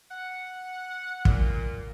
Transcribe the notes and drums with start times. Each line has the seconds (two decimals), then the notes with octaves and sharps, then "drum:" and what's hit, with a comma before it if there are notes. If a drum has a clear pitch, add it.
0.10 F#5
1.25 A#2, drum: kick